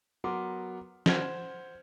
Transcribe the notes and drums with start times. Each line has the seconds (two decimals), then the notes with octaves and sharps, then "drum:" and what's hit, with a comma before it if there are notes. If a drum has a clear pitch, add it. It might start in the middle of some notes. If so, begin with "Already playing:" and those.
0.24 F#3 B3 A#4 C6 D6
1.06 C5 F#5 F6 G#6, drum: snare